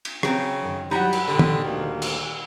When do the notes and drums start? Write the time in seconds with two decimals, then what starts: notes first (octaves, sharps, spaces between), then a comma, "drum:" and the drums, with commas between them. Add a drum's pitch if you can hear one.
0.05 drum: cymbal
0.23 C#3 F#3 C4, drum: rim click
0.62 F#2 D#3
0.91 F#3 G3 D#4 E4 F#5 B5
1.13 drum: cymbal
1.27 A#2 D3 D#3 G3
1.39 drum: tom
1.64 D2 A#3
2.02 drum: cymbal